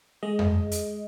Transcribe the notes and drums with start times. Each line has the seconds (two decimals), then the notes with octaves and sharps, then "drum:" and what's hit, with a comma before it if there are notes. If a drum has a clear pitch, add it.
0.23 G#3 D#5
0.39 drum: tom F2
0.71 drum: hi-hat